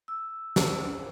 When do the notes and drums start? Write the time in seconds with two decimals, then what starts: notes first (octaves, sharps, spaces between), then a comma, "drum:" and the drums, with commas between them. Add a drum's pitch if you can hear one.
0.08 E6
0.56 drum: snare